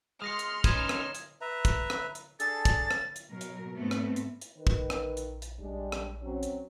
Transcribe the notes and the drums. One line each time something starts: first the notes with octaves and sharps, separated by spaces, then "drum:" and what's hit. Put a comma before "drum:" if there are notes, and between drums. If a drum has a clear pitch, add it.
G#3 C6 D#6 F6 A#6 C#7
drum: hi-hat
C#4 D#4 B4 D#6 G#6 E7, drum: kick, hi-hat
drum: rim click
drum: hi-hat
B4 E5 A#5
drum: kick, hi-hat
drum: rim click
drum: hi-hat
D4 G#4 A4 A6, drum: hi-hat
drum: kick, hi-hat
drum: rim click
drum: hi-hat
B2 F#3 A#4
drum: hi-hat
G#2 A3 B3 C4
drum: rim click
drum: hi-hat
drum: hi-hat
D#3 B4
drum: kick
A#1, drum: rim click
drum: hi-hat
drum: hi-hat
A#1 G3 G#3 D4
drum: rim click
F#3 C4 C#4
drum: hi-hat